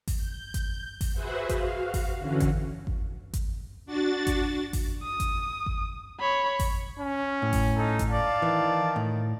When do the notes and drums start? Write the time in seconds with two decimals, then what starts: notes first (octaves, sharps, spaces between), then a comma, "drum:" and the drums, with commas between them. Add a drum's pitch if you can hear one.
0.07 drum: kick G#1, open hi-hat
0.17 G6
0.54 drum: kick G#1, hi-hat
1.01 drum: kick G#1, open hi-hat
1.13 F#4 G#4 B4 C5 E5 F#5
1.49 F#4 F5, drum: kick G#1, hi-hat
1.94 drum: kick G#1, open hi-hat
2.17 D3 E3 C#4 F#4
2.40 drum: kick G#1, hi-hat
2.87 drum: kick G#1
3.33 drum: kick G#1, hi-hat
3.86 D4 F#4 A6
4.27 drum: kick G#1, hi-hat
4.73 drum: kick G#1, open hi-hat
5.03 D#6
5.20 drum: kick G#1, hi-hat
5.66 drum: kick G#1
6.20 C#5 B5
6.59 drum: kick G#1, open hi-hat
6.99 C#4
7.42 A2
7.53 drum: kick G#1, open hi-hat
7.76 D#4 A4
7.99 drum: kick G#1, hi-hat
8.10 D5 F5 A5
8.42 D#3 E3
8.96 A2